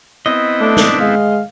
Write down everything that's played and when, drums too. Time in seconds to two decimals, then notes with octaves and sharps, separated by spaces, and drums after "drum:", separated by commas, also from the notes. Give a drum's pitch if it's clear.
0.26 B3 C4 E4 D#5
0.61 A3 D4
0.77 drum: snare
1.00 G#3 F5